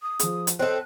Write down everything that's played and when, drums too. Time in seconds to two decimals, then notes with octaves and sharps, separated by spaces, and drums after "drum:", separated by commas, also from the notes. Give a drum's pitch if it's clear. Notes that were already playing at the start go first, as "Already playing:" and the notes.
0.02 D#6
0.19 F3 G#4, drum: hi-hat
0.47 drum: hi-hat
0.59 C4 A4 C#5 D#5 F#6